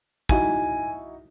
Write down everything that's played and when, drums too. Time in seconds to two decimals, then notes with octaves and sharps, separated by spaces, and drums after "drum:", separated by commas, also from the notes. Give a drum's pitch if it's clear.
0.29 D#4 E4 F#4 G#5, drum: kick